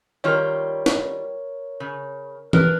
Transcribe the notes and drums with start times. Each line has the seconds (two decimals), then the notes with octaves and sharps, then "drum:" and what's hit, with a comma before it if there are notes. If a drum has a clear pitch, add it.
0.24 D#3 G3 F4 A#4 C#5
0.86 drum: snare
1.80 C#3
2.53 D4 A#4 B4, drum: tom E3